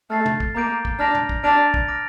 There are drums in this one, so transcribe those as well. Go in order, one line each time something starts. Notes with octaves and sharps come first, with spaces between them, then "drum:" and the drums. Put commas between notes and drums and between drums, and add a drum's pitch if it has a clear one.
A3 F6 A6 C7
drum: tom
drum: kick
A#3 A#5 D6 G6 D7
drum: kick
D4 F6 A#6 F7
drum: tom
drum: kick
D4 F6 A6 D7 F7
drum: kick
D6 F6 A#6 D7